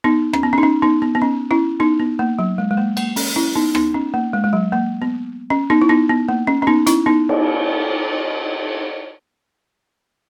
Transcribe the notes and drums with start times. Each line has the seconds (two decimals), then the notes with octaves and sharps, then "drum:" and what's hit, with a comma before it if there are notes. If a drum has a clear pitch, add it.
0.04 B3 D#4
0.33 C#4, drum: rim click
0.43 B3
0.53 C#4
0.58 D#4
0.63 C#4
0.82 B3 D#4
1.02 B3
1.15 B3
1.22 C#4
1.51 C#4 E4
1.80 B3 D#4
2.00 B3
2.19 A#3
2.39 F#3
2.58 G#3
2.71 G#3
2.77 A#3
2.97 A#3, drum: cymbal
3.16 C#4, drum: open hi-hat
3.36 C#4 E4
3.55 B3 D#4
3.75 B3 D#4, drum: rim click
3.94 C#4
4.14 A#3
4.33 G#3
4.44 G#3
4.53 F#3
4.72 A#3
5.02 B3
5.50 C#4
5.70 B3 D#4
5.82 E4
5.89 B3 D#4
6.09 B3
6.28 A#3
6.47 C#4
6.62 C#4
6.67 B3 D#4
6.87 C#4 E4, drum: hi-hat
7.06 B3 D#4
7.29 drum: cymbal